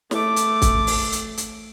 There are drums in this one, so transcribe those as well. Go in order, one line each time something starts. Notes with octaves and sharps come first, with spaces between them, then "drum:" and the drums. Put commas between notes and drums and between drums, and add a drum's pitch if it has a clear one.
A3 D6, drum: snare
drum: hi-hat
drum: kick, hi-hat
drum: open hi-hat
drum: hi-hat
drum: hi-hat